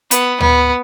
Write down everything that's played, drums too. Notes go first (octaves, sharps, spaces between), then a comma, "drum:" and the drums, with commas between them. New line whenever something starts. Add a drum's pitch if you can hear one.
B3, drum: hi-hat
B3, drum: tom D2